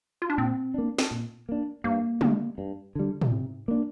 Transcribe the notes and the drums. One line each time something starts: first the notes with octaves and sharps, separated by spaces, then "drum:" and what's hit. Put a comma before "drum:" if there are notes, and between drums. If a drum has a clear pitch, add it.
F4
D4
A#2 C4
A#3 D4
drum: snare
A#2
A#3 D4
G2 A#3
D3 G3, drum: tom
G2
D3 G3
drum: tom
C3
A#3 D4